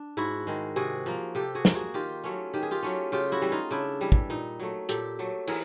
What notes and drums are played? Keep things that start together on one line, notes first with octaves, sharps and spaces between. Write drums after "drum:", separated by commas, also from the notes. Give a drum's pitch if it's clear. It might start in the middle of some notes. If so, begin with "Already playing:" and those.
Already playing: D4
G#2 E4 F#4
D#3 G#3
C3 F#4 G#4
F3 A#3
C3 G4 A4
F#4 G#4
F3 A#3, drum: snare
F#4 G#4
D#3 F4 G4
F#3 A3 C#4
D#3 G4
G#4
F4 G4
F#3 A3 C#4
C#3 F4 G4
E4 F#4
E3 G3
D#4 F4
C#3 D4 E4
E3 G3
drum: kick
A#2 D#4
F#3 A3
A#2 G4 A4, drum: hi-hat
F#3 A3
E3 G#4 A#4, drum: cymbal